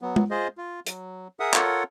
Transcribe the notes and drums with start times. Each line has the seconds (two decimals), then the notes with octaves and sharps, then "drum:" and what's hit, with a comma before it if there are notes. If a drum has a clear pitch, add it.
0.02 F#3 B3
0.16 drum: tom G#3
0.31 F4 G#4 C5 D#5
0.58 F4
0.86 F#3, drum: hi-hat
1.40 G#4 A#4 E5 F#5 D#6
1.54 F4 A4 A#4 C#5 F#5, drum: clap